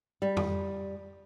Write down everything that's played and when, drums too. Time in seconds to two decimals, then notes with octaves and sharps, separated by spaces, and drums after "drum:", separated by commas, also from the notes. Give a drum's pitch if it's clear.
0.22 G3
0.37 drum: tom F2